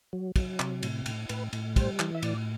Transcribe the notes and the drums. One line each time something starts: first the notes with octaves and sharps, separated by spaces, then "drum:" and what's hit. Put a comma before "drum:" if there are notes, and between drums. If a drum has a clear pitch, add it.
F#3
F#3, drum: kick, cymbal
C3, drum: clap
A2, drum: cymbal
A2, drum: cymbal
A2 B4, drum: cymbal
A2, drum: cymbal
G3 C5, drum: kick, cymbal
E3, drum: clap
E5
A2 D5, drum: cymbal